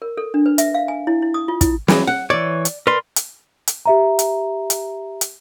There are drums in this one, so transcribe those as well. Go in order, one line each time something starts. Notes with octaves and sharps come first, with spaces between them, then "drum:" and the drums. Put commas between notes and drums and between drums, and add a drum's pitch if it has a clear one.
A#4
A4
D4
B4
E5, drum: hi-hat
F5
G#5
E4
E4
D#6
F4
E4, drum: kick, hi-hat
E3 F#3, drum: snare
F#5
E3 C#5 D5
drum: hi-hat
A#4 B4 D5 C6
drum: hi-hat
drum: hi-hat
G4 E5 A#5
drum: hi-hat
drum: hi-hat
drum: hi-hat